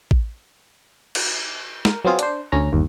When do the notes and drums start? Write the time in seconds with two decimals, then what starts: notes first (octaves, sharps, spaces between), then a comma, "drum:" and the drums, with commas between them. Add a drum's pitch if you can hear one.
0.11 drum: kick A1
1.15 drum: cymbal
1.85 A#4, drum: snare
2.04 F#3 B3 C4 F4 G#4
2.19 D4 C5, drum: hi-hat
2.52 D2 C#4 A#5
2.72 G1 D#2